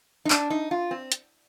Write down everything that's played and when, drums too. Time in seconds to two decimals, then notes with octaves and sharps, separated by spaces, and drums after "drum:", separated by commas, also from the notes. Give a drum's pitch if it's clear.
0.25 D#4
0.30 D4, drum: clap
0.50 D#4
0.71 F4
0.91 C4
1.12 drum: hi-hat